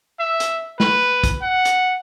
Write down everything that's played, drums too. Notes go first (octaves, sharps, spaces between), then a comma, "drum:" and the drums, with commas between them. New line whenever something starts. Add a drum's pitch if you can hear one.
E5
drum: hi-hat
B4, drum: snare
drum: kick, hi-hat
F#5
drum: hi-hat